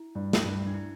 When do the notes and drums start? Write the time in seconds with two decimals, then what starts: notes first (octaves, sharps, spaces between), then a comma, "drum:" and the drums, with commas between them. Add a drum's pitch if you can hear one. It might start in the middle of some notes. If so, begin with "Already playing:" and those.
Already playing: E4
0.15 G2
0.33 drum: snare
0.45 G2
0.66 D4
0.74 E4